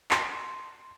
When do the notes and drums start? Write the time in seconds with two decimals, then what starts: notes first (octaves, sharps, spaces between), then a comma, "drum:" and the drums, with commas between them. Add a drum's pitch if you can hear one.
0.11 C6, drum: clap